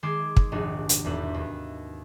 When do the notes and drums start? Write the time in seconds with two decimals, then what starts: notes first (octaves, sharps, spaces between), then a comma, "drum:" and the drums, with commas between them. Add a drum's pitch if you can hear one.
0.03 D#3 G#3 C6 D6 G#6 E7
0.37 drum: kick
0.52 F1 A#1 G#2 D4 D#4 F#4
0.89 drum: hi-hat
1.04 E1 E2 B4
1.34 D#2